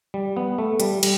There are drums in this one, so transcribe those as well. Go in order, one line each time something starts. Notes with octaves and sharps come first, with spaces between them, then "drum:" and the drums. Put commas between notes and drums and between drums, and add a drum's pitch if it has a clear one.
G3
B3
A3
G3, drum: hi-hat
G3, drum: cymbal